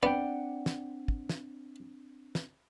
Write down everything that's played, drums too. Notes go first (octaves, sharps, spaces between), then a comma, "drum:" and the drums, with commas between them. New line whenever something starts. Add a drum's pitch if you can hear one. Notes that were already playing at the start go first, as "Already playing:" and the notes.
B3 C4 D4 D5 F#5 G5
drum: snare
drum: kick
drum: snare
drum: snare